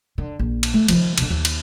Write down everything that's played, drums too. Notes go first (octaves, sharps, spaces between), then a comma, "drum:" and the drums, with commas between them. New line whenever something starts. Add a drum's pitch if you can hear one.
D3
A#1
drum: cymbal
A3
D#3 F3, drum: cymbal
B2 D3, drum: cymbal
D#2
drum: cymbal